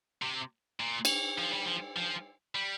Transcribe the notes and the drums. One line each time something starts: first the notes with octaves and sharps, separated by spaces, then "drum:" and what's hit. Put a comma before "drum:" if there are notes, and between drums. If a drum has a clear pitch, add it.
C3
A#2
drum: cymbal
F3
G3
F3
F3
G3